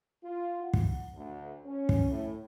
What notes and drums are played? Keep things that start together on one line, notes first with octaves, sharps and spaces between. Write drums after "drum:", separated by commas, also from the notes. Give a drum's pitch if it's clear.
F4
F#5
drum: kick
D2
C#4
drum: kick
A2